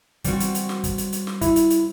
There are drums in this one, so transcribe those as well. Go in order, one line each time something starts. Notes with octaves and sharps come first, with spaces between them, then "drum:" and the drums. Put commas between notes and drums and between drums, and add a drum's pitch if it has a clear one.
G3 C4 F#4, drum: kick, hi-hat
drum: hi-hat
drum: hi-hat
drum: snare
drum: kick, hi-hat
drum: hi-hat
drum: hi-hat
drum: snare
E4, drum: kick, hi-hat
drum: hi-hat
drum: hi-hat